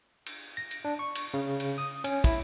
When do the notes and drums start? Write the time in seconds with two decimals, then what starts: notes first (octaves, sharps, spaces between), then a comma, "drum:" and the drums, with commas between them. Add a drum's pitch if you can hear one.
0.26 drum: cymbal
0.57 A#6
0.71 drum: cymbal
0.85 D4
0.99 C#6
1.15 drum: cymbal
1.34 C#3
1.60 drum: cymbal
1.78 D#6
2.04 C#4, drum: cymbal
2.24 E4, drum: kick, cymbal